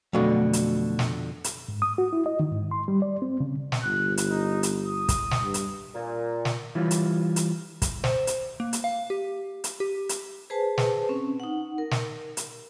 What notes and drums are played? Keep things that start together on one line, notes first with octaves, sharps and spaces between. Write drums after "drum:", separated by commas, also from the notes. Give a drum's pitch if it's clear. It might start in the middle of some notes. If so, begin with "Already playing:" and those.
F2 B2 D3 F#3 A3 F#4
drum: hi-hat
drum: snare
drum: hi-hat
G#2
D#6
F#4
E4
D#5
D#3
G#2
C6
G3
D5
C4
C#3
drum: snare
G1 F#6
drum: hi-hat
D#4
drum: hi-hat
D#6
drum: kick, hi-hat
drum: snare
G2
drum: hi-hat
A#2
drum: snare
E3 G3 E4 F4 C#5
drum: hi-hat
drum: hi-hat
drum: kick, hi-hat
C5, drum: snare
drum: hi-hat
A#3
drum: hi-hat
F5
G4
drum: hi-hat
G4
drum: hi-hat
G#4 B4 C5 G#5 A5
drum: snare
C4 C#4
D#4 F#5
A#4
drum: snare
drum: hi-hat